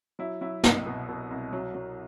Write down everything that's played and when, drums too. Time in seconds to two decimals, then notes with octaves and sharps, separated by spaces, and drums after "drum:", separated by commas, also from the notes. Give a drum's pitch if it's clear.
0.19 F#3 E4
0.41 F#3 E4
0.64 C2 D#5, drum: snare
0.86 B2
1.09 B2
1.31 C2
1.53 F#3
1.75 F#3